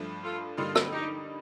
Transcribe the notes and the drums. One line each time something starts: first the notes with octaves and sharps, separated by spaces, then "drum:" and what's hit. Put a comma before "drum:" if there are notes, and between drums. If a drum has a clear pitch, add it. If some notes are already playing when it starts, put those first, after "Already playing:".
Already playing: G2 F3 A3 D4
F4 A4
G2 D3 G3 A#3 D#4 F4 A4
drum: rim click
D#4 G4